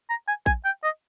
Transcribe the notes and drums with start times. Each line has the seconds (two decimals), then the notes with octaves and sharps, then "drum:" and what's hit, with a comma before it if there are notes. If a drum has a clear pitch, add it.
0.09 A#5
0.28 G#5
0.46 G#5, drum: kick
0.65 G5
0.83 D#5